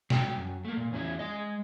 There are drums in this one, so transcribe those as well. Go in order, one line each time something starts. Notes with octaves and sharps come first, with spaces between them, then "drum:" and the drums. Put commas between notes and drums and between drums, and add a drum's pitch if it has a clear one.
F#3 G5, drum: snare
F#2
A3 A#3
A#2
E2 C#4 E4
G#3 D#5